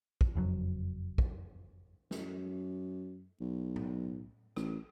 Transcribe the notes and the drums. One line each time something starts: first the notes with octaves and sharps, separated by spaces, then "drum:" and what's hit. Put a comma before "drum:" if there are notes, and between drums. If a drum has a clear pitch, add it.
drum: kick
F#1 F2 F#3
drum: kick
F#2, drum: snare
B1
drum: tom A2
A1, drum: rim click